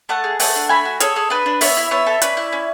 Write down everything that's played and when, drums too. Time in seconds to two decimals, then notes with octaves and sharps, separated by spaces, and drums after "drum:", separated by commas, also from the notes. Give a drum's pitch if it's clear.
0.09 A3 F#5 A5
0.24 G#4
0.39 A3 F#5 A5, drum: open hi-hat
0.55 D4
0.69 A3 G#5 B5
0.85 F#4
1.00 G#4 A4 C#5, drum: hi-hat
1.16 G#4
1.30 D4 B4
1.46 D4
1.61 B3 C#5 E5, drum: open hi-hat
1.77 E4
1.91 B3 C#5 E5
2.07 A4
2.22 C#4 B4 D5, drum: hi-hat
2.37 E4
2.53 C#4